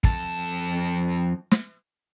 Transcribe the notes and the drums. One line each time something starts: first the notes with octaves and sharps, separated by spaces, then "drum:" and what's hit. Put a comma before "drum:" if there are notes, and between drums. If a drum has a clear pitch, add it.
F2 A5, drum: kick
drum: snare